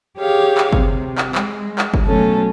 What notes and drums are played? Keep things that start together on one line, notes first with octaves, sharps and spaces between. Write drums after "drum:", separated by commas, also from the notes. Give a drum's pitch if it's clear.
G4 G#4 C#5 F5
drum: clap
C3, drum: kick G1
drum: clap
G#3, drum: clap
drum: clap
drum: kick G1
B2 F#3 A3 C#4 A4